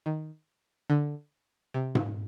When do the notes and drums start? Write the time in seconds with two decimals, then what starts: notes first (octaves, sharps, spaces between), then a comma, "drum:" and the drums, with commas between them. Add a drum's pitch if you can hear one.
0.06 D#3
0.90 D3
1.74 C3
1.95 drum: tom G#2